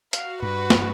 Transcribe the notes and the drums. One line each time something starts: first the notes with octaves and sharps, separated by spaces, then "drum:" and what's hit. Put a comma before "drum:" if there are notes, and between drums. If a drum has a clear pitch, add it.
F#4 F5, drum: hi-hat
G2 B4
drum: snare